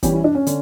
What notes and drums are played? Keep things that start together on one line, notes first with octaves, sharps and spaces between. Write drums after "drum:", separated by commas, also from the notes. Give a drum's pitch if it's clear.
E3 G3 C#4 G4, drum: kick, hi-hat
E4
D4
C#4
D3, drum: hi-hat